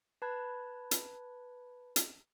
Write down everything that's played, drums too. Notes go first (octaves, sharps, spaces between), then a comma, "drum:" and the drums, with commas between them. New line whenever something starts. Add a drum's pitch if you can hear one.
B4 A5 B5 F#6 G#6
drum: hi-hat
drum: hi-hat